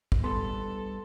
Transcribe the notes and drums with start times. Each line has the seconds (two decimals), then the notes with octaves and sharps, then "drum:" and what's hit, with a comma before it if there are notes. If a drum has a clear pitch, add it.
0.12 drum: kick
0.24 G2 B3 A4 C6